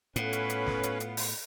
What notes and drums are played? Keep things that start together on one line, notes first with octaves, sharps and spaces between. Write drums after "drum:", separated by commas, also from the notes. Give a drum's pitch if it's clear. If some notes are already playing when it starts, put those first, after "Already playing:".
A2 B3 C#4 F4 A4 B4, drum: hi-hat
drum: hi-hat
drum: hi-hat
drum: snare
drum: hi-hat
drum: hi-hat
drum: open hi-hat